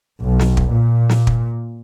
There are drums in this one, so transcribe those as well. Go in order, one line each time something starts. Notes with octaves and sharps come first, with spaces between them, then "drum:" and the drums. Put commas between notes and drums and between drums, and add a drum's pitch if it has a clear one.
B1
drum: snare
drum: kick
A#2
drum: snare
drum: kick